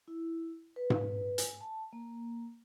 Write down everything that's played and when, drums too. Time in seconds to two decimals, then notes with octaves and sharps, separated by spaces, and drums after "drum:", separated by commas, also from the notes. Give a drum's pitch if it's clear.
0.08 E4
0.76 B4
0.90 drum: tom G#2
1.38 G#5, drum: hi-hat
1.61 A5
1.93 A#3